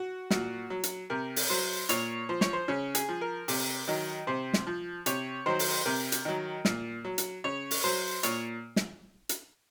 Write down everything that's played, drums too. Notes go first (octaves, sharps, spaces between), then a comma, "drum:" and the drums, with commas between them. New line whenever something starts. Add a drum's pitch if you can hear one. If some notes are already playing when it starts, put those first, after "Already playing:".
Already playing: F#4
A#2 F#4, drum: snare
F#3
drum: hi-hat
C3 A#4
drum: open hi-hat
F#3 C5
A#2 C#5, drum: hi-hat
F3 C5
C#5, drum: snare
C5
C#3 C#4
G#4, drum: hi-hat
F3
A#4
C3, drum: open hi-hat
D#3 F#3
C3 C5
drum: snare
F3
C3 C#5, drum: hi-hat
D#3 F#3 C5
drum: open hi-hat
C3 A#4
drum: hi-hat
D#3 F#3
A#2, drum: snare
F#3
drum: hi-hat
C#3 C#5
drum: open hi-hat
F#3 C5
A#2 C#5, drum: hi-hat
drum: snare
drum: hi-hat